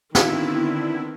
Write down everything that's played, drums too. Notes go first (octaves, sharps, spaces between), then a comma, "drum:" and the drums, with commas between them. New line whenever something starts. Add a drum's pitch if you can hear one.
D3 D#3 B3 C4 D4 E4 F#4 F5, drum: snare